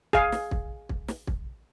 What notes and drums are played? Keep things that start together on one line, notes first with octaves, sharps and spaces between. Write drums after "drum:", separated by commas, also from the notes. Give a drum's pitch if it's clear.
G#4 F5, drum: kick
drum: snare
drum: kick
drum: kick
drum: snare
drum: kick